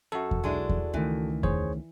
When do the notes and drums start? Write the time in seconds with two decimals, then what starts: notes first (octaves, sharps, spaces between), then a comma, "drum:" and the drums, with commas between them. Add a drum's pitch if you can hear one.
0.12 F#2 F#4 A4
0.31 drum: kick E2
0.44 B1 G#3 D4 E4
0.69 drum: kick E2
0.94 C#2 D#3 E3 A3
1.43 G#4 C5 C#5, drum: kick E2